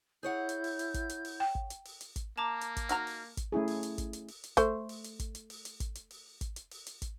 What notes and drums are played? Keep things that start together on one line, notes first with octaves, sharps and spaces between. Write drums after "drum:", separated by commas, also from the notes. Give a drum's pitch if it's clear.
E4 G#4 C#5 F#5 G6
drum: hi-hat
drum: open hi-hat
drum: hi-hat
drum: kick, hi-hat
drum: hi-hat
drum: open hi-hat
G5
drum: kick
drum: hi-hat
drum: open hi-hat
drum: hi-hat
drum: kick, hi-hat
A#3 A5 A#5 D6
drum: hi-hat
drum: kick, hi-hat
D#4 F#4 A#5 F6, drum: hi-hat
drum: open hi-hat
drum: kick, hi-hat
A3 C#4 E4 G#4
drum: open hi-hat
drum: hi-hat
drum: kick, hi-hat
drum: hi-hat
drum: open hi-hat
drum: hi-hat
A3 C5, drum: kick, hi-hat
drum: open hi-hat
drum: hi-hat
drum: kick, hi-hat
drum: hi-hat
drum: open hi-hat
drum: hi-hat
drum: kick, hi-hat
drum: hi-hat
drum: open hi-hat
drum: kick, hi-hat
drum: hi-hat
drum: open hi-hat
drum: hi-hat
drum: kick, hi-hat